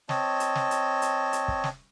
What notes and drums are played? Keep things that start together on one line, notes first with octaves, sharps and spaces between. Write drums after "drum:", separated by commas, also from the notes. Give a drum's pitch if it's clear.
C4 C#5 D#5 A5, drum: snare
drum: hi-hat
drum: snare
drum: hi-hat
drum: hi-hat
drum: hi-hat
drum: kick
drum: snare